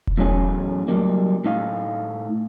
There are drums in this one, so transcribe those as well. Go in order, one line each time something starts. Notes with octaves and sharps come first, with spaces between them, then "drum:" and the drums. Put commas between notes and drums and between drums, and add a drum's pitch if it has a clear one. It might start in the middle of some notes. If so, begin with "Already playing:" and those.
drum: kick E1
E2 A2 F#3 C#4 G#4
F#3 G3 A#3
A2 D#4 F5